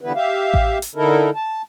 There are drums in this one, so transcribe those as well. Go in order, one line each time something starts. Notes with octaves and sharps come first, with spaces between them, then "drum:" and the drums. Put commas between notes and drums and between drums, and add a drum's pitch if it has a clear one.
D3 E3 G3 B3 E4 B4
G4 E5 F5
drum: kick A1
drum: hi-hat
D3 D#4 E4 A4 A#4
A5